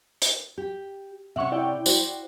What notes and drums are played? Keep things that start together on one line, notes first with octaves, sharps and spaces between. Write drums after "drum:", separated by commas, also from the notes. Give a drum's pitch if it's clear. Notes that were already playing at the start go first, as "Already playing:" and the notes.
drum: hi-hat
G4
C3 C#4 E5 F#5 C#6
E4 D5 G5
F#4 C5, drum: tambourine